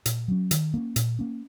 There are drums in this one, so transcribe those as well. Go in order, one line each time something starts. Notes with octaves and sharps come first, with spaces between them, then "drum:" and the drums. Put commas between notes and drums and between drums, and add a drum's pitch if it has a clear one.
A#2, drum: hi-hat
F#3 C#4
D#3, drum: hi-hat
A#3 C#4
A#2, drum: hi-hat
A#3 C#4